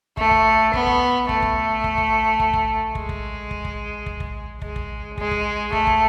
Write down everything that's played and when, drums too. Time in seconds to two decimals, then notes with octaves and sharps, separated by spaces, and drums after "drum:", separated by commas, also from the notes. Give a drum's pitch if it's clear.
0.17 A3, drum: kick
0.31 drum: kick
0.73 B3, drum: kick
0.87 drum: kick
1.29 A3, drum: kick
1.42 drum: kick
1.84 drum: kick
1.98 drum: kick
2.40 drum: kick
2.53 drum: kick
2.95 G#3, drum: kick
3.09 drum: kick
3.51 drum: kick
3.65 drum: kick
4.06 drum: kick
4.20 drum: kick
4.62 G#3, drum: kick
4.76 drum: kick
5.18 G#3, drum: kick
5.31 drum: kick
5.72 A3, drum: kick
5.87 drum: kick